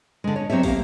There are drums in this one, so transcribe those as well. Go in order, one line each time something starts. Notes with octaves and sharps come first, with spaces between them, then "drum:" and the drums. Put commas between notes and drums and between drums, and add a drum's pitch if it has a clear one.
D3 G#3
C#5
F#3 C4 G4 C#5 E5
A#3 G4 F5, drum: kick, open hi-hat